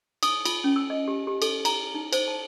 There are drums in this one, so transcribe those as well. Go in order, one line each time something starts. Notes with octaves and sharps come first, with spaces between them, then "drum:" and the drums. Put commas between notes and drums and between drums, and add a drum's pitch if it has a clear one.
D#6, drum: cymbal
F4, drum: cymbal
C#4
E6
D#5
G4
G4
A4, drum: cymbal
A#5, drum: cymbal
D#4
C5, drum: cymbal
A5